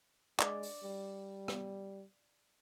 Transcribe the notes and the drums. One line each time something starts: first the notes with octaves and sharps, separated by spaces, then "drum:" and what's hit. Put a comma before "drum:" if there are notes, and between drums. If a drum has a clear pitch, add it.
G#3 D5, drum: clap
drum: open hi-hat
G3
drum: rim click